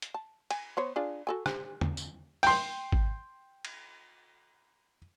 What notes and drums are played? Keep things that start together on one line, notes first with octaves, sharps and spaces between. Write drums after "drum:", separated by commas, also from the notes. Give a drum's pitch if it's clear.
drum: hi-hat
A5
G#5, drum: cymbal
B3 C5 C#5
D4 F4 G#4
F#4 A4 G#5
C5, drum: rim click
drum: tom
drum: tambourine
G5 C6, drum: open hi-hat
drum: kick G#1
drum: cymbal